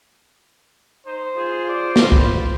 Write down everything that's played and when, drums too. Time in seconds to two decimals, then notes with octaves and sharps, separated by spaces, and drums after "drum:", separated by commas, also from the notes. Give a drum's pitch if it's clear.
1.07 D#4 C5
1.37 F4 G#4
1.68 D5
1.96 drum: snare
2.12 B4, drum: kick